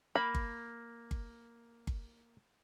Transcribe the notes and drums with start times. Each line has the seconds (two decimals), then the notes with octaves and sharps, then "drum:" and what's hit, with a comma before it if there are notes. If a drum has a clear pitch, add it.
0.15 A#3 B5
0.35 drum: kick G1
1.11 drum: kick G1
1.87 drum: kick G1